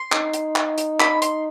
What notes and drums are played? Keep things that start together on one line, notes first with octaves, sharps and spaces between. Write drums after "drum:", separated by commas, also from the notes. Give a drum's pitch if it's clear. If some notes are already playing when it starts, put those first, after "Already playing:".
Already playing: C6
D#4, drum: clap
drum: hi-hat
drum: clap
drum: hi-hat
B5, drum: clap
C6, drum: hi-hat